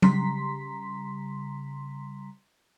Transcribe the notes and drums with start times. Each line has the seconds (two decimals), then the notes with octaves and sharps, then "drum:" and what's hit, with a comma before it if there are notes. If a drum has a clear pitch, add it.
0.02 C#3 G3 A#5 C6 B6, drum: tom F#3